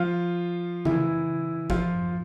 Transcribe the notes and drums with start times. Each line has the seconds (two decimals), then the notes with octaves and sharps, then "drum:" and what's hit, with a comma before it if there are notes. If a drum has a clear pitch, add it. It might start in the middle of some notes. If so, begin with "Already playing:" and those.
Already playing: F3 F4
0.85 E3 E4, drum: tom C#3
1.70 F3 F4, drum: kick G1